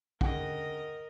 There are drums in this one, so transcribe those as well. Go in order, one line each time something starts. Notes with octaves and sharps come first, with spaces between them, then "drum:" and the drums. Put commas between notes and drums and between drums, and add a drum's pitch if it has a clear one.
D2 C#3 G#3 A#4 D#5 F#5 G5, drum: kick